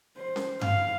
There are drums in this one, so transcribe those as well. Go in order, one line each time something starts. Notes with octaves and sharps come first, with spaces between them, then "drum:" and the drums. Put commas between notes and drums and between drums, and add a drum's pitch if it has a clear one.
C5
drum: snare C#4
F5, drum: tom G2